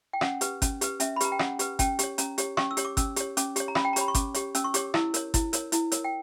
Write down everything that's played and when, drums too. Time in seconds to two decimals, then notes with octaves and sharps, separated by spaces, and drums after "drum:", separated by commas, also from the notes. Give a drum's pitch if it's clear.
0.13 G5
0.21 C#4 F#5, drum: rim click
0.41 G4 B4, drum: hi-hat
0.62 C#4, drum: kick G1, hi-hat
0.81 G4 B4, drum: hi-hat
1.00 C#4 E5, drum: hi-hat
1.16 B5
1.20 G4 B4 A#5, drum: hi-hat
1.32 G5
1.39 C#4 F#5, drum: rim click
1.59 G4 B4, drum: hi-hat
1.79 C#4 G5, drum: kick G1, hi-hat
1.99 G4 C#5, drum: hi-hat
2.18 C#4 A#5, drum: hi-hat
2.38 G4 C#5, drum: hi-hat
2.57 C#4 C#6, drum: rim click
2.71 E6
2.77 G4 C#5, drum: hi-hat
2.85 D6
2.97 C#4 E6, drum: kick G1, hi-hat
3.16 G4 C#5, drum: hi-hat
3.37 C#4 D6, drum: hi-hat
3.56 G4 C#5, drum: hi-hat
3.68 A#5
3.75 C#4 B5, drum: rim click
3.85 G5
3.93 A#5
3.96 G4 C#5 B5, drum: hi-hat
4.08 C#6
4.15 C#4 D6, drum: kick G1, hi-hat
4.34 G4 C#5, drum: hi-hat
4.55 C#4 E6, drum: hi-hat
4.64 C#6
4.74 G4 C#5 D6, drum: hi-hat
4.94 E4 E6, drum: rim click
5.14 A#4 C#5, drum: hi-hat
5.34 E4, drum: kick G1, hi-hat
5.53 A#4 C#5, drum: hi-hat
5.72 E4, drum: hi-hat
5.92 A#4 C#5, drum: hi-hat
6.04 G5